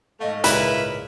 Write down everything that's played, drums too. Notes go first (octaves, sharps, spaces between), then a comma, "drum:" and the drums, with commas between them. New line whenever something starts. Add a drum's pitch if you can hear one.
G#2 A3 D#5 F5
C#2 A#2 E4 B4, drum: hi-hat